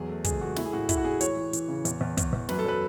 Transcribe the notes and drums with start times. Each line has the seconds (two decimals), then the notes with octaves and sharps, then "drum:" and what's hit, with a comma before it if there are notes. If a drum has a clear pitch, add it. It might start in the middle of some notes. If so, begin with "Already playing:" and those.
Already playing: E2 F#3 G#4
0.09 A3
0.24 C#2 G#4, drum: kick, hi-hat
0.41 A3 F#4
0.56 G#3 E4, drum: snare
0.66 G#4
0.73 A2 F#4
0.89 A2 E4, drum: kick, hi-hat
0.97 F#4
1.05 A2 G#4
1.21 E3 C#5, drum: hi-hat
1.37 E3
1.53 E3, drum: hi-hat
1.68 C#3
1.85 E2, drum: hi-hat
2.01 E2
2.17 E2, drum: kick, hi-hat
2.33 E2
2.49 F#2 B4, drum: snare
2.59 A4
2.65 F#3 B4